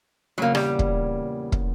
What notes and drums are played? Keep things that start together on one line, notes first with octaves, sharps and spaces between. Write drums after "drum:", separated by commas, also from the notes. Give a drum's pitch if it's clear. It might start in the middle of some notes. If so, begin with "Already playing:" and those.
E2 A#2 C#3 F#3 A#3
G3, drum: rim click
drum: kick
drum: kick